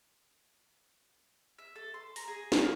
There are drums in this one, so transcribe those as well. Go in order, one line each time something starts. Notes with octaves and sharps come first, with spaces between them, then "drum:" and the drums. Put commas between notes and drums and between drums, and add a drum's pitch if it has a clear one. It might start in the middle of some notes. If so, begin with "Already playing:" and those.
E5
A4
C6
A#5, drum: open hi-hat
G#4
A#3, drum: snare